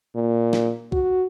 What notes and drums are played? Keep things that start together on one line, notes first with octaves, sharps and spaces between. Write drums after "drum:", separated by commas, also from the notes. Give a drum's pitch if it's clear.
A#2
drum: snare
F#4, drum: kick B1